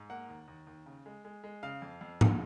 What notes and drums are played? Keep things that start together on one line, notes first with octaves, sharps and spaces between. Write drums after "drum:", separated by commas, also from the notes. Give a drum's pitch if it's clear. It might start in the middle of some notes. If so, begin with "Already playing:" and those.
Already playing: G#2
A#3 F#5
D#2
D#2
D#2
C#3
G#3
G#3
G#3
C#3 F5
F2
F2
C#3, drum: tom G#2